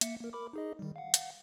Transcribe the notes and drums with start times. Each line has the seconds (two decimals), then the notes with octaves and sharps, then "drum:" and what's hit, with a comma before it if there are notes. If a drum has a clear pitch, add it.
0.01 A#3 E5 C#7, drum: hi-hat
0.20 A#3 A#4
0.33 A#4 B5 D6
0.53 D#4 G#4 D#5
0.79 D#3 G3
0.96 F5 F#5
1.14 drum: hi-hat